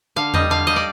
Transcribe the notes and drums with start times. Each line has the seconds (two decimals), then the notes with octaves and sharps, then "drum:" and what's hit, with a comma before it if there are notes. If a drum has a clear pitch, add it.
0.16 D3 F5
0.34 G3 D#5, drum: tom E2
0.50 D3 F5
0.67 G3 D#5
0.76 D5